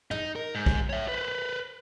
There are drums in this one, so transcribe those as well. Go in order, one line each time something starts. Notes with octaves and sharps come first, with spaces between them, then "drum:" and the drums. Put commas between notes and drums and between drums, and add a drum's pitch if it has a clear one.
D#4, drum: tom
A#4
G#2
drum: kick
C#5 E5
B4 C5